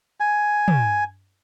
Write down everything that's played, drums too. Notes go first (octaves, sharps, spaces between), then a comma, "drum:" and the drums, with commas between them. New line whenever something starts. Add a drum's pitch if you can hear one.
G#5
drum: tom